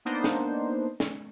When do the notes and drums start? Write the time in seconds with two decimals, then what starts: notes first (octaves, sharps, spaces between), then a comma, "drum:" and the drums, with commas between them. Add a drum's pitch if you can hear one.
0.05 A#3 B3 D4 D#4 C5
0.24 drum: snare
1.00 drum: snare